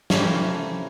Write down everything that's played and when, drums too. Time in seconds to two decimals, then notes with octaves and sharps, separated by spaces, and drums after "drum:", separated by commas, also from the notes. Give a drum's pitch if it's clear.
0.10 C3 E3 A3 A#3 C#4, drum: snare